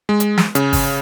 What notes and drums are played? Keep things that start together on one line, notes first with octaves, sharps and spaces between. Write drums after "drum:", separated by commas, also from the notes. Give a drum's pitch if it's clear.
G#3
drum: hi-hat
drum: snare
C#3, drum: hi-hat
drum: kick, open hi-hat